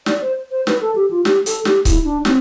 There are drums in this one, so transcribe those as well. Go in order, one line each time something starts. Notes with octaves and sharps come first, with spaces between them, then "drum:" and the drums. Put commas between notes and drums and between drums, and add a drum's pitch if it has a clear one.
D5, drum: snare
C5
C5
B4, drum: snare
A4
G4
F4
G4, drum: snare
A4, drum: hi-hat
G4, drum: snare
E4, drum: kick C#1, hi-hat
D4
C4, drum: snare